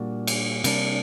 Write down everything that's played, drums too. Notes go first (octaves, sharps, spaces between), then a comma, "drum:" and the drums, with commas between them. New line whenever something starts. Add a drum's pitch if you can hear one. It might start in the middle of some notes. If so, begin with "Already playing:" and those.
Already playing: A#2 G3 A#3 D4 F#4
drum: cymbal
C3 G3 A#3 D4, drum: cymbal